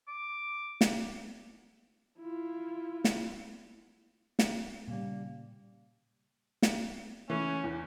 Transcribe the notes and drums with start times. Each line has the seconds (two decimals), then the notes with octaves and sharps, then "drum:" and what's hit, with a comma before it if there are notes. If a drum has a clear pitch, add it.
0.08 D6
0.81 drum: snare
2.19 E4 F4
3.04 drum: snare
4.39 drum: snare
4.88 A#2 C#3 G3 A#3
6.62 drum: snare
7.30 E3 A3 C#4
7.64 E2